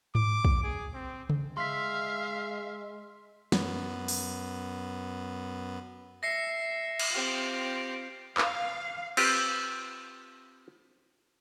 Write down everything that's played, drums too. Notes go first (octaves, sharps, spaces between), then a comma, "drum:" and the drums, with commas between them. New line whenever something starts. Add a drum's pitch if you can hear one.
D6, drum: tom G#2
drum: kick
G#4
C4
drum: tom C#3
G#3 E5 F5 C6 B6
F#2 B3, drum: snare
drum: open hi-hat
E5 A#6 C7 C#7
drum: cymbal
C4 F4 G4
F5, drum: clap
C4 F4 G4 B4, drum: cymbal